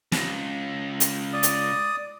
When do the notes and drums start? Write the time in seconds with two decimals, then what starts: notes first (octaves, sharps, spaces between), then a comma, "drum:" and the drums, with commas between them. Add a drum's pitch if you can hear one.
0.12 C#2, drum: snare
1.00 drum: hi-hat
1.33 D5 D#6
1.43 drum: hi-hat